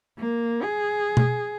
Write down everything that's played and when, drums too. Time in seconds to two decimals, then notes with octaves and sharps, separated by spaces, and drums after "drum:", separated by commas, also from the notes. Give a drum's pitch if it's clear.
0.19 A#3
0.62 G#4
1.17 drum: tom